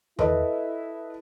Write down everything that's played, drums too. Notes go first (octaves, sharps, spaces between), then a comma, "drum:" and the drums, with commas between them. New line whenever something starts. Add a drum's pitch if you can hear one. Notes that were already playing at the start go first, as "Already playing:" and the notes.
E4 A4 B4 D#5, drum: tom E2